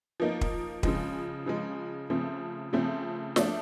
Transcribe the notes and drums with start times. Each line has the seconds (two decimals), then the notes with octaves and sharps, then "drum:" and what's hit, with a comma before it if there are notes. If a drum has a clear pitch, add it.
0.20 F3 A#3 D#4
0.41 drum: kick
0.83 C#3 F3 G#3, drum: kick
1.46 C#3 F3 G#3
2.10 C#3 F3 A3 C4
2.73 C#3 F3 A3 C4
3.36 F3 A3 D4, drum: snare